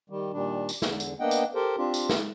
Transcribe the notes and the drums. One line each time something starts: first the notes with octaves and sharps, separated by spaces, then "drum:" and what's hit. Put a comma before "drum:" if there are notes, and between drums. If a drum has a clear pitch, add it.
D#3 G3
A#2 D#3 G3 D4
drum: tambourine
E2 D3, drum: snare
drum: tambourine
A#3 B3 D4 D#5 F#5 G5
drum: tambourine
G4 A4 A#4 C5
C4 D4 F4 G4
drum: tambourine
drum: snare